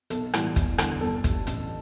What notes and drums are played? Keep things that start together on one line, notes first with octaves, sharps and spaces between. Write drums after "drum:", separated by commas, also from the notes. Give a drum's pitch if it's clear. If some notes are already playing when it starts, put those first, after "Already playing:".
B1 A4, drum: hi-hat
A2 E3 G3, drum: rim click
E2, drum: kick, hi-hat
D3 G3, drum: rim click
G1 A4
G2 G3, drum: kick, hi-hat
A1, drum: hi-hat